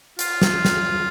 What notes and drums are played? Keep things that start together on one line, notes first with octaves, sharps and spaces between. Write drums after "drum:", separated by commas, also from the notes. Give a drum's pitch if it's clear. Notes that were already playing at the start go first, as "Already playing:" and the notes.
F4, drum: hi-hat
drum: snare
drum: snare